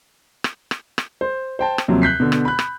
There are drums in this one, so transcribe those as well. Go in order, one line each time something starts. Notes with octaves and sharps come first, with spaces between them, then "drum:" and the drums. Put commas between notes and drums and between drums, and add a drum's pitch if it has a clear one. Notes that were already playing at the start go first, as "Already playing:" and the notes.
drum: rim click
drum: rim click
drum: rim click
C5
C5 G5 A5
drum: rim click
D#2 C3 F3 F#3
F#6 G6 B6 C7
B2 D3
drum: rim click
B5 F#6
drum: rim click